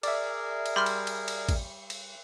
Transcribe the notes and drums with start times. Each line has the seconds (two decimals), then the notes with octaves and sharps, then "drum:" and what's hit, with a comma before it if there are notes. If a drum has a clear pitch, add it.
0.03 G#4 A#4 D5 E5, drum: cymbal
0.66 drum: cymbal
0.76 G3 B5 C6 F6
0.86 drum: cymbal
1.07 drum: cymbal
1.28 drum: cymbal
1.49 drum: kick A1, cymbal
1.90 drum: cymbal